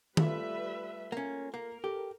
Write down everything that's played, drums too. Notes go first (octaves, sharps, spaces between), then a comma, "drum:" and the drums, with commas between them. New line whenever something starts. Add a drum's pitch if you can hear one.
G3 A3 F4 A4 B4 E5, drum: tom D#3
A#3 C#4
A#3 A#4
G4 A4